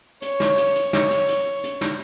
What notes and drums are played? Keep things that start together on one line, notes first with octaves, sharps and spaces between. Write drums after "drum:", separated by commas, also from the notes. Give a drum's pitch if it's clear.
C#5, drum: hi-hat
drum: snare
drum: hi-hat
drum: hi-hat
C#5, drum: snare
drum: hi-hat
drum: hi-hat
drum: hi-hat
drum: snare